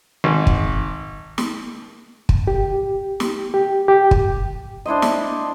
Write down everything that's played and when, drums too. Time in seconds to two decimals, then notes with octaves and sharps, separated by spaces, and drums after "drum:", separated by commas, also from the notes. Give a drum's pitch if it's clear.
0.24 G#1
0.47 drum: kick
1.38 drum: snare
2.29 drum: kick
2.47 G4
3.20 drum: snare
3.54 G4
3.88 G4
4.11 drum: kick
4.86 D4 E4 C5 D#5
5.02 drum: snare